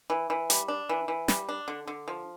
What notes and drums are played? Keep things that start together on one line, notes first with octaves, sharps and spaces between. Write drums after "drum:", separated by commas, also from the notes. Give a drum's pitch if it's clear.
E3
E3
G3, drum: hi-hat
D4
E3
E3
G3, drum: snare
D4
D3
D3
F3